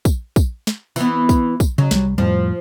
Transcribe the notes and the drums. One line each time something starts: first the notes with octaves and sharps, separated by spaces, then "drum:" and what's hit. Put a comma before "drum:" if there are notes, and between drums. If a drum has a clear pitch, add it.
drum: kick, tambourine
drum: kick, tambourine
drum: snare
E3 B3, drum: tambourine
drum: kick, tambourine
drum: kick, tambourine
C#3 F#3
C2 G3, drum: snare
F2 A2 F3 G3